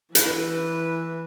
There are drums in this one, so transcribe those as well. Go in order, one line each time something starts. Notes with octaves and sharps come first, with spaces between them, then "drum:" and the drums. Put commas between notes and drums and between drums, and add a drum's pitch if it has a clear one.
E3 B4, drum: hi-hat